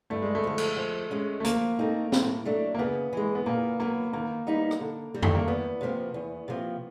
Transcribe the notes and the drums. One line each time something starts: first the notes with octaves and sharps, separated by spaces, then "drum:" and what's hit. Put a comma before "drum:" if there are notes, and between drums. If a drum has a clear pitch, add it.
G2 A3
G#3
A3
D3 F3
drum: cymbal
F3
G#3 C#4
A3
F3 A#3, drum: hi-hat
A3 C4 D#4
A2, drum: snare
F#3 A3 D4
A#3
C#3 B3
E3 G#3
B3
A#2 A#3
F#3 A#3 B3
D#3 A#3
G3 B3 D#4
drum: rim click
D3
G3 C4
A3, drum: tom F2
A#3
E2 B3
C3 F3 A#3
E2
C3 F3 A#3